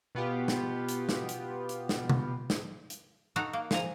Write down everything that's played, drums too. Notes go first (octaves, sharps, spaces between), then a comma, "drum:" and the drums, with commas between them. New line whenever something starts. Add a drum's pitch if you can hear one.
B2 B3 F4 G4
drum: snare
drum: hi-hat
drum: snare
drum: hi-hat
drum: hi-hat
drum: snare
drum: tom B2
drum: snare
drum: hi-hat
D#4 F#4 A4 A#5
A#3
F3 G#5 A#5, drum: snare